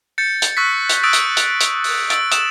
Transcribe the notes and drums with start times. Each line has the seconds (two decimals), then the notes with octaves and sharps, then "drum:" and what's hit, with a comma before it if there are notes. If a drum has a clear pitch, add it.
0.18 G6 A6 C#7
0.42 drum: hi-hat
0.57 C#6 E6 F#6 A6 B6
0.89 drum: hi-hat
1.03 D#6 E6 F#6 G6 A6 D7
1.13 drum: hi-hat
1.37 drum: hi-hat
1.60 drum: hi-hat
1.84 drum: open hi-hat
2.10 E6 A6 D7, drum: hi-hat
2.31 D#6 E7, drum: hi-hat